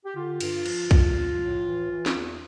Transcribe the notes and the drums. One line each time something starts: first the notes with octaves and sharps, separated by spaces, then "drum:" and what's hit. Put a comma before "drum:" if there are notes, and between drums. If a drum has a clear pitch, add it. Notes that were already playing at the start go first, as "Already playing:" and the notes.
G4
D3 F4
G2, drum: cymbal
F3, drum: cymbal
F3, drum: kick
F3
A2
E3
E3
drum: snare
E2